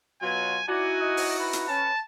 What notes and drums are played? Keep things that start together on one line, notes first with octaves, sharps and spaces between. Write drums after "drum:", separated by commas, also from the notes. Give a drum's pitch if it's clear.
B2 F#3 F4 G#5
D#4 E4 F#4 D5 G#5
D#5
drum: open hi-hat
B4
drum: hi-hat
C#4 A5